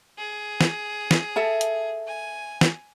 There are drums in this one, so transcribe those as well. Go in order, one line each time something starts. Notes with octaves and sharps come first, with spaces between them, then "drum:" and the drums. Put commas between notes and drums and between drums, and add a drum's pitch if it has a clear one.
G#4
drum: snare
drum: snare
A4 E5 A5
drum: hi-hat
G#5
drum: snare